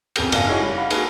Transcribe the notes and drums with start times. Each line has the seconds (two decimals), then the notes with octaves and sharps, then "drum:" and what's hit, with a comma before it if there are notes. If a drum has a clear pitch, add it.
0.16 G#1 F2 B3 G#4 A#4 G6, drum: cymbal
0.32 F#1 A#3 D5 F5 G#5 E6, drum: cymbal
0.47 D#4 E4 F#4 G#4 C#5 D#5
0.61 G3
0.77 F5 F#5 B5
0.90 A#3 D#4 F#4 G#4 B4, drum: cymbal